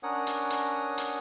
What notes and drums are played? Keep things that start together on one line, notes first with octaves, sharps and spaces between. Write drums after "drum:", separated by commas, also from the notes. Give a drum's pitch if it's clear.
C#4 D4 A#4 C#5 F#5 D#6
drum: hi-hat
drum: hi-hat
drum: hi-hat